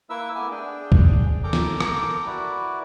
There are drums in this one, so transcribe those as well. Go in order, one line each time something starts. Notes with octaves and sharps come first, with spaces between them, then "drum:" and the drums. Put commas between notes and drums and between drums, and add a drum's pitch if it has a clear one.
A#3 E4 A#4 B4 E5 E6
A3 B3 G#5 D6
D4 G#4 G5
drum: kick
A4 A#4 G5 A#5 D6
drum: snare
drum: rim click
E4 F#4 A#4 B4 D5